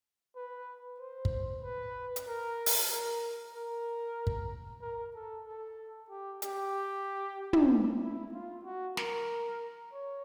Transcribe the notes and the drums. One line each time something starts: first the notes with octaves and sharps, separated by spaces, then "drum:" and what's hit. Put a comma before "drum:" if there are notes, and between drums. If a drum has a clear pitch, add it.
B4
C5
drum: kick
B4
drum: hi-hat
A#4
drum: open hi-hat
A#4
A#4
drum: kick
A#4
A4
A4
G4
G4, drum: hi-hat
drum: tom
E4
F4
F#4
A#4, drum: snare
C#5